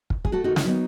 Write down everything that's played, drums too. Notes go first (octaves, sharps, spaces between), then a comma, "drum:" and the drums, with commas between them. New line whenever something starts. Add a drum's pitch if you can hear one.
drum: kick
G#4, drum: kick
A3 F#4 A4
D#4 F#4
D#3
C#4 E4, drum: snare
F#3 B3 D#4